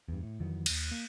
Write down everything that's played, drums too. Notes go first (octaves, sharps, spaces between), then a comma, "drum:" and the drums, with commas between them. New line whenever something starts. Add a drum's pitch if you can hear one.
E2 G2
A2
F2 D#3 E3 F#3
D1 D#2, drum: cymbal
A#3